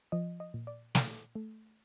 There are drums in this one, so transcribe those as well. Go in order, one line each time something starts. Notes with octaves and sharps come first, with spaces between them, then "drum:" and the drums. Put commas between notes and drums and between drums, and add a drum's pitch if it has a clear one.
F3 D#5
D#5
A#2
D5
A#2, drum: snare
A3